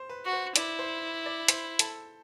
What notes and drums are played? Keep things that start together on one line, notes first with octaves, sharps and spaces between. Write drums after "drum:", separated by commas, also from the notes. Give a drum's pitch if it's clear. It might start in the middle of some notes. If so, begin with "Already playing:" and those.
Already playing: C5
B4
F#4
C5
E4 D5, drum: hi-hat
C5
D5
C5, drum: hi-hat
A4, drum: hi-hat